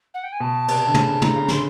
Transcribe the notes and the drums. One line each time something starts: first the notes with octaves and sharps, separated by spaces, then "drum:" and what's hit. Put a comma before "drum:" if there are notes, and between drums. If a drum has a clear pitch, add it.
F#5
G5
G#5
B2 A5
C3, drum: cymbal
D3
C#3, drum: tom
D3 A#5, drum: tom
C#3
D3 C6, drum: snare